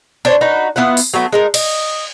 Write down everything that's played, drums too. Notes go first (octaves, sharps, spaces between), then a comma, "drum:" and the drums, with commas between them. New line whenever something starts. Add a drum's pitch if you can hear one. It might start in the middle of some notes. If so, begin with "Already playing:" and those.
D4 C5 C#5
D#4 F#4 B4
B3 E4 F4 F#5
drum: open hi-hat
F#3 A3 B3
G#3 D#4 A#4
D#5, drum: cymbal